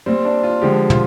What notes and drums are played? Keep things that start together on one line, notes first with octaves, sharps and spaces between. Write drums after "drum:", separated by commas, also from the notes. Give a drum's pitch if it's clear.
A#2 G3 C4
D4
F4
D3 F3 G#3 G4
F4, drum: tom